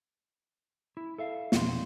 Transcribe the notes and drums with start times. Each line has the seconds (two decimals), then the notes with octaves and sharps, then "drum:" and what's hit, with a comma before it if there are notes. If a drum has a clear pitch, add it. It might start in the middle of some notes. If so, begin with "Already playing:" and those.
0.97 E4
1.18 A4 E5 F5
1.52 B1 F2 B2 C6, drum: snare